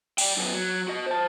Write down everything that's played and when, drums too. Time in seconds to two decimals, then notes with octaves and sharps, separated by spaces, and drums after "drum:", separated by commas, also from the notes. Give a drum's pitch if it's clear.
0.18 D5 G5, drum: cymbal
0.37 F#2 B3
0.54 F#3
0.88 F#4 D#5
1.06 C5 A5